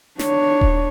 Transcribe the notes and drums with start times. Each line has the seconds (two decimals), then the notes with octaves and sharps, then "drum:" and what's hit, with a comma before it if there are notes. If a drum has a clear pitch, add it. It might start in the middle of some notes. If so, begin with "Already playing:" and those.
0.19 D4 C#5, drum: snare
0.61 drum: kick D#1